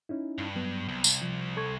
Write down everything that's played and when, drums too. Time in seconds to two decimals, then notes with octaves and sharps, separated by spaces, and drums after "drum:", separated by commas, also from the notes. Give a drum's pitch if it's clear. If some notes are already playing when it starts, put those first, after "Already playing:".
0.09 C#4 D#4 E4
0.38 G2
0.55 F#3 B3
0.89 C2
1.04 drum: tambourine
1.22 F3
1.57 A4 C#6 G#6